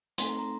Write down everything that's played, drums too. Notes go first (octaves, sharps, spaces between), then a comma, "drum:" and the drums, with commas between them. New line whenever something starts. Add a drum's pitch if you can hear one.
A3 C4 D#4 A4 C6, drum: hi-hat
A#5
A#5